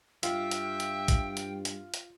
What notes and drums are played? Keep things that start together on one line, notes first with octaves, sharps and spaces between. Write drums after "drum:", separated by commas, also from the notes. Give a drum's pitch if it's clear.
G2 F4 E5 G5, drum: hi-hat
drum: hi-hat
drum: hi-hat
drum: kick, hi-hat
drum: hi-hat
drum: hi-hat
drum: hi-hat